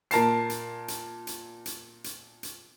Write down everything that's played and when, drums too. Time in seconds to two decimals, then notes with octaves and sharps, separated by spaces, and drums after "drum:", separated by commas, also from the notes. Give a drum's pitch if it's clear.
0.11 A#2 A#4 A5 C7, drum: hi-hat
0.50 drum: hi-hat
0.88 drum: hi-hat
1.27 drum: hi-hat
1.66 drum: hi-hat
2.04 drum: hi-hat
2.43 drum: hi-hat